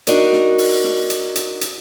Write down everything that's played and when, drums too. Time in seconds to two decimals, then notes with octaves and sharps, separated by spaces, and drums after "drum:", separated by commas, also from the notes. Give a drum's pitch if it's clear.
0.07 D4 D#4 F#4 A#4 D5, drum: hi-hat
0.32 drum: snare
0.58 drum: open hi-hat
0.84 drum: snare
1.10 drum: hi-hat
1.35 drum: hi-hat
1.61 drum: hi-hat